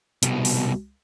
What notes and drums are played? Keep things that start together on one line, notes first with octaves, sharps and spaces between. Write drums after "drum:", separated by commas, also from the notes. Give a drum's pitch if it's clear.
C2 B2, drum: hi-hat
drum: open hi-hat